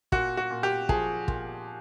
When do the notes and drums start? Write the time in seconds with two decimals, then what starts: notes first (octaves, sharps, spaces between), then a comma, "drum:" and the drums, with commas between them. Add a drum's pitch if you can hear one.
0.12 A#2 F#4, drum: kick
0.37 F#4
0.51 A#2
0.63 G4
0.89 F3 G#4, drum: kick
1.28 A#2, drum: kick